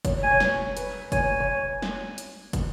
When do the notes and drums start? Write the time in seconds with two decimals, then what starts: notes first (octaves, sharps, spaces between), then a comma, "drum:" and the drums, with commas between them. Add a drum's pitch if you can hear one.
0.05 C#5, drum: kick, hi-hat
0.23 G#5
0.31 C#5
0.40 B4, drum: snare
0.77 B4, drum: hi-hat
1.12 C#5 G#5, drum: kick, hi-hat
1.40 C#5
1.82 drum: snare
2.18 drum: hi-hat
2.53 drum: kick, hi-hat